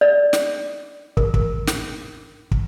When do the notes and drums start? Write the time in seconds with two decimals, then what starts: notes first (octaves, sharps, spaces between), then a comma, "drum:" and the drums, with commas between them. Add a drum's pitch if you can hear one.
0.01 D5
0.33 drum: snare
1.17 A#4, drum: kick
1.34 drum: kick
1.67 drum: snare
2.51 drum: kick